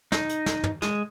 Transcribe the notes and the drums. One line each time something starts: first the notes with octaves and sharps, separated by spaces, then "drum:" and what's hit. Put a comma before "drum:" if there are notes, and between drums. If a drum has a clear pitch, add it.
D#4, drum: snare
drum: hi-hat
drum: snare
drum: tom
G#3, drum: snare